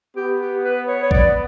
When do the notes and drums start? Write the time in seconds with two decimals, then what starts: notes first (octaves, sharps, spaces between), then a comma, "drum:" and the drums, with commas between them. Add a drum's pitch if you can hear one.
0.16 B3 G4
0.40 G4
0.64 B4
0.87 C#5
1.03 C#5
1.11 D5, drum: kick A1